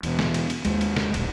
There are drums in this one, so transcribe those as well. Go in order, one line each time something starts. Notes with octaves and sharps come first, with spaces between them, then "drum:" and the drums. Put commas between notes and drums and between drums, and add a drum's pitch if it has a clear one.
E2 B2, drum: cymbal
drum: snare
drum: cymbal
drum: cymbal
D#2 G#3, drum: cymbal
drum: cymbal
drum: snare
D#1 B1, drum: cymbal